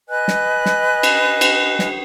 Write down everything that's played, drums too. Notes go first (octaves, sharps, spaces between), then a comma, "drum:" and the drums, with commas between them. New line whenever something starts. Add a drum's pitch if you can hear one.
B4 D#5 G#5 F#6
drum: snare
drum: snare
drum: cymbal
drum: cymbal
drum: snare